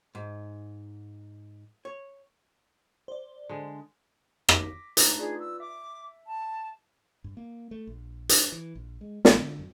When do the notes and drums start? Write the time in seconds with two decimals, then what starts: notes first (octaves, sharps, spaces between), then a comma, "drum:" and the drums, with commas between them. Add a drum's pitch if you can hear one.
0.15 G#2
1.85 C#5
3.08 C5 D5
3.49 D3 G#3
4.49 D6 A#6 B6, drum: rim click
4.97 A3 D4 D#4, drum: hi-hat
5.18 F4 G#4 B4 D5
5.40 E6
5.60 E5 D6
6.27 A5
7.24 G2
7.37 A#3
7.71 A3
7.87 A#1
8.29 D4, drum: hi-hat
8.52 E3
8.75 A#1
9.01 G#3
9.25 A1, drum: snare
9.39 D3
9.59 F#2